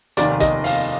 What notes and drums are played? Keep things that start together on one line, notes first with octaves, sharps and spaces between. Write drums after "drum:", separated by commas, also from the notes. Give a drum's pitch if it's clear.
F1 D#2 D#3 D5, drum: hi-hat
D#5, drum: kick, hi-hat
F5, drum: open hi-hat